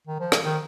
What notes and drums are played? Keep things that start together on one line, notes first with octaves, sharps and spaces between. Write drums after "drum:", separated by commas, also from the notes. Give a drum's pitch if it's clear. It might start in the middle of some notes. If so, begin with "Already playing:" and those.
D#3
F3
drum: rim click
D#3